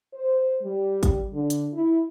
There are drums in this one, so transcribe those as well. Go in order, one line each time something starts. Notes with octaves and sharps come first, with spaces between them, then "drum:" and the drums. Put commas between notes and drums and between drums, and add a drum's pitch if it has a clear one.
C5
G3
drum: kick, hi-hat
D3
drum: hi-hat
E4